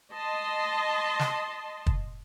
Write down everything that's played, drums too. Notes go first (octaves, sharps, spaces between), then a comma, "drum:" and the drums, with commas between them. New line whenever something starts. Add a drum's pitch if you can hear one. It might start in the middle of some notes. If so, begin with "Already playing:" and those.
D#5 A5 C6
drum: snare
drum: kick